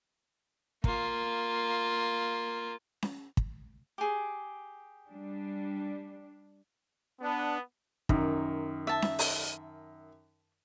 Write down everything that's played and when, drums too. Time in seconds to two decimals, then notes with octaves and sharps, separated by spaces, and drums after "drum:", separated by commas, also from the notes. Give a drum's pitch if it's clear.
0.84 A#3 F4, drum: kick
3.02 drum: snare C#4
3.37 drum: kick
3.98 G4 G#4
5.11 G3 D4
7.21 B3 D4
8.09 F#2 D#3, drum: kick
8.87 E5 A5
9.02 drum: snare C#4
9.19 drum: open hi-hat